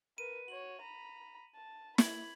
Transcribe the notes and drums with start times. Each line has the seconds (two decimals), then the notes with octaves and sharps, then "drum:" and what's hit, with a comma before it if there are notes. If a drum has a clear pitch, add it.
0.18 A#4 B4 D#7
0.48 F#4 C#5 F#7
0.82 A#5 B5
1.55 A5
1.98 B5 G#6 F#7, drum: snare